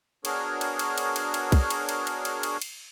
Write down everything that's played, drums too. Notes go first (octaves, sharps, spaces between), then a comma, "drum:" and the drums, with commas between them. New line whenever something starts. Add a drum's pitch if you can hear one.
B3 D4 F#4 G#4 A#4 C#5, drum: cymbal
drum: cymbal
drum: cymbal
drum: cymbal
drum: cymbal
drum: cymbal
drum: kick, cymbal
drum: cymbal
drum: cymbal
drum: cymbal
drum: cymbal
drum: cymbal
drum: cymbal